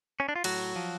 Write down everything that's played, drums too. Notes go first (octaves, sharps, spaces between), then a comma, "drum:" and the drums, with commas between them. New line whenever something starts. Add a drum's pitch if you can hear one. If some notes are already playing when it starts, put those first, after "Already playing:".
C#4
D4
F4
A2 F#3 F#4, drum: cymbal
F3